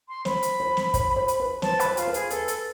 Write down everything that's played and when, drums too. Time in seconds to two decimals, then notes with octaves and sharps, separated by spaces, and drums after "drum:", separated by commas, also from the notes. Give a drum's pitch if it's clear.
0.08 C6
0.25 C5 B5, drum: snare
0.43 drum: hi-hat
0.60 C5
0.77 drum: snare
0.94 C5, drum: kick, hi-hat
1.16 C5
1.28 drum: hi-hat
1.40 B4
1.62 C5 A5, drum: snare
1.80 B4, drum: hi-hat
1.85 C5
1.97 F4, drum: hi-hat
2.08 B4
2.14 G#4, drum: hi-hat
2.30 A4 B4, drum: hi-hat
2.48 A4, drum: hi-hat